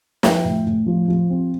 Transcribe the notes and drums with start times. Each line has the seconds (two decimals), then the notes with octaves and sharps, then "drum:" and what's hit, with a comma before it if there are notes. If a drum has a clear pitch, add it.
0.23 F3 E5 G5, drum: snare
0.45 A2
0.67 A2
0.86 F3
1.08 F3
1.30 C4